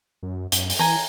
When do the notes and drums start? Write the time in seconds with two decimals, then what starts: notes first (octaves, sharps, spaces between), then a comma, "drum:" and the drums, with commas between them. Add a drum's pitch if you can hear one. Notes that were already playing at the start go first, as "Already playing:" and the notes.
0.23 F#2
0.52 F#2, drum: hi-hat
0.70 drum: open hi-hat
0.79 E3 G#5 A#5